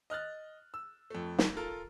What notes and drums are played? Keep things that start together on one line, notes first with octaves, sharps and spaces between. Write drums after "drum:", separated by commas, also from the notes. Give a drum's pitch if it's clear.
D#5 F6 F#6 A6
E6
F2 A3
drum: snare
F4 A4 A#4